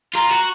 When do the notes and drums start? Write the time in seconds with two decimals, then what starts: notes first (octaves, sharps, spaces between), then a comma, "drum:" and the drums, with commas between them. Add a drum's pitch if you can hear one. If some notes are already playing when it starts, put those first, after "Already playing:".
0.15 F4 A#5, drum: snare
0.31 F#4, drum: snare